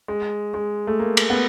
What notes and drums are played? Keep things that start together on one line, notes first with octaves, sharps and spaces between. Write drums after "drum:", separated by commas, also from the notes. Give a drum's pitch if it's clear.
G#3
G#3
A3
A#3
drum: cymbal
B3